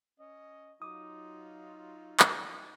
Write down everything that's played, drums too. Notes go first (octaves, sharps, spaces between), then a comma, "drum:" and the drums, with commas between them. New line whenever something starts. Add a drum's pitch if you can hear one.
C#4 D#5
F#3 D#4 F4 D6 D#6
drum: clap